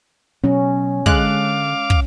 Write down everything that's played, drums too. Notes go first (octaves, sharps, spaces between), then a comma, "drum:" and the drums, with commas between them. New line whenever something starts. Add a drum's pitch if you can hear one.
B2 F#3 C#4
D3 G#3 F5 D6 F#6, drum: kick
drum: kick